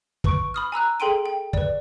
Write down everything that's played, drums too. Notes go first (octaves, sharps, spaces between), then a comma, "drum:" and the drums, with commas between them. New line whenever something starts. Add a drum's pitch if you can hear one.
B4 C#6 D7, drum: kick
B5 D#6 F6
G#5 A#5 E6 F#6
G#4 A4 G5 C6 D7 D#7
G5
B4 D5, drum: kick